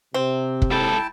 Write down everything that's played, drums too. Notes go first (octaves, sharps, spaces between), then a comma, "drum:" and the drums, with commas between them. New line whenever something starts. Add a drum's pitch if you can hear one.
C3 C4
drum: kick
G#2 E4 A4 G5 A5